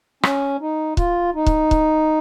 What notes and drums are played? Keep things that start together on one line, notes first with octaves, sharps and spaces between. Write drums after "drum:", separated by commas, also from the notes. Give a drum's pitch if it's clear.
C#4, drum: rim click
D#4
F4, drum: kick C#1
D#4
drum: kick C#1
drum: kick C#1